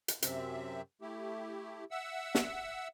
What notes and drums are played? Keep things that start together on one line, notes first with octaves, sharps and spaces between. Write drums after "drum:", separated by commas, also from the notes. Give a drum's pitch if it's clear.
drum: hi-hat
F#2 C3 C4 E5, drum: hi-hat
A3 E4 G4
E5 F#5 E6
drum: snare